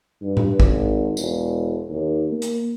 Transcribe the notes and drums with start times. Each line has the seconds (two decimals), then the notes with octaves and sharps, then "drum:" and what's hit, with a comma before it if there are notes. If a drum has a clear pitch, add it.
0.22 G2
0.37 drum: tom A2
0.60 G#1, drum: kick
1.17 E1, drum: tambourine
1.89 D#2
2.32 A#3
2.42 drum: hi-hat